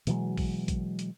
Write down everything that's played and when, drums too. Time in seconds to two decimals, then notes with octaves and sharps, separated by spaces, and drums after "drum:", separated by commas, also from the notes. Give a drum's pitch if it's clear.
0.07 B2 E3 F#3 G#3, drum: hi-hat
0.38 drum: kick A1, open hi-hat
0.68 drum: kick A1, hi-hat
0.99 drum: hi-hat